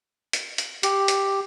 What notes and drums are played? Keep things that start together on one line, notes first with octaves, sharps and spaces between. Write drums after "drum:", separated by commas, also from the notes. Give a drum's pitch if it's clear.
drum: hi-hat
drum: hi-hat
G4, drum: hi-hat
drum: hi-hat